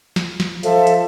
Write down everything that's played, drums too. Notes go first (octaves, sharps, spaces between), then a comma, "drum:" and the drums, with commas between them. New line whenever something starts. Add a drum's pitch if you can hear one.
drum: snare
drum: snare
F3 A4 E5 F5, drum: hi-hat
drum: hi-hat